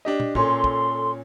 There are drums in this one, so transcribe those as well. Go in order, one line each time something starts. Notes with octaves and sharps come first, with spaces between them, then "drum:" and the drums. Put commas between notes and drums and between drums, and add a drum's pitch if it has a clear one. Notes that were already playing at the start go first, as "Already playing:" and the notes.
D4 G4 D#5
drum: tom
A#2 C#4 A4 C6, drum: kick
drum: kick